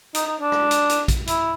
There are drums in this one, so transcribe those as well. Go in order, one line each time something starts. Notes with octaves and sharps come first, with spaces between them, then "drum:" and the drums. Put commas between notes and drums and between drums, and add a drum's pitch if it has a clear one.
D#4, drum: hi-hat
D#4
D4
drum: rim click
drum: hi-hat
drum: hi-hat
drum: kick A#1, hi-hat
E4, drum: hi-hat